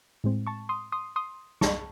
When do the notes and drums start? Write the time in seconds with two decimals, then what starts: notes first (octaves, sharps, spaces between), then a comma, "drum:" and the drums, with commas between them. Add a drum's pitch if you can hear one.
0.24 A2 G#3 C4
0.47 A5 C#6
0.69 C6 D#6
0.92 C6 D#6
1.16 C6 D#6
1.61 A5 C#6, drum: snare